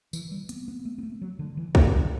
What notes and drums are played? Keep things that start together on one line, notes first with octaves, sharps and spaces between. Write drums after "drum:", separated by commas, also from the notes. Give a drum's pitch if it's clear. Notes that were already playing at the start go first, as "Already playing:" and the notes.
E3, drum: tambourine
G3
B3, drum: hi-hat
B3
A3
B3
A3
F#3
D3
E3
D3, drum: kick
C#3